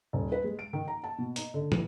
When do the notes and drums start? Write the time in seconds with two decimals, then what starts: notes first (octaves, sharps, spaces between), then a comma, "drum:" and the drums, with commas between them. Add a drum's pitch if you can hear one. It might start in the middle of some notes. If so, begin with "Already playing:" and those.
0.13 D#1
0.32 B4
0.44 G#3
0.59 D7
0.73 D#3
0.88 A#5
1.04 A5
1.18 B2
1.36 D#4, drum: hi-hat
1.54 D3
1.72 E4, drum: tom